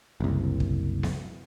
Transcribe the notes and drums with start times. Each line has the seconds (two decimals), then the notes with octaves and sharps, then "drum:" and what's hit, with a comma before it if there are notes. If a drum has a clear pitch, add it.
0.20 F#1 C2
0.60 drum: kick
1.03 drum: snare B3